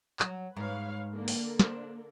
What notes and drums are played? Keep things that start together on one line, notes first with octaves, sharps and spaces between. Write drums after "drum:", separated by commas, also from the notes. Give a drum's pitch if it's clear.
F#3, drum: clap
G#2 B4 C#5 F5
D3 A#3
drum: open hi-hat
D4 C5, drum: snare